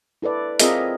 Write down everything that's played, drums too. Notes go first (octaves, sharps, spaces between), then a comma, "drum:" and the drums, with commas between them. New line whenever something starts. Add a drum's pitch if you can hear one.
E4 A4 B4 D5
C4 F4 G#4 A#4 D#5 E5, drum: hi-hat